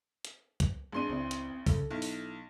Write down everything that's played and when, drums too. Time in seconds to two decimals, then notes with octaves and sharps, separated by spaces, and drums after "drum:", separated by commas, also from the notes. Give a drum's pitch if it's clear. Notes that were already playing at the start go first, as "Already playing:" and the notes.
0.25 drum: hi-hat
0.60 drum: kick, hi-hat
0.93 A1 G#3 D4 C6 D#7
1.09 C#2 C4 E4 D5
1.31 drum: hi-hat
1.67 C#3 A4, drum: kick, open hi-hat
1.91 B1 E4
2.02 drum: open hi-hat